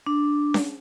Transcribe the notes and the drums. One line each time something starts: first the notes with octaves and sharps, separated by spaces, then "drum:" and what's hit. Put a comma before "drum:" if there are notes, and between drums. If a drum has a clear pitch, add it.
D4
drum: snare C#4